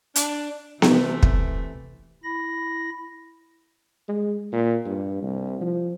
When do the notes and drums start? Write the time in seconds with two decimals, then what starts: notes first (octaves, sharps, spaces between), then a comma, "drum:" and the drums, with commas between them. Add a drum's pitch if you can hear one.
0.16 D4, drum: hi-hat
0.82 C3 E3 A3, drum: snare B3
1.23 drum: kick
2.24 E4 B5 A#6
4.08 G#3
4.52 A#2
4.85 G2
5.22 C2
5.61 F3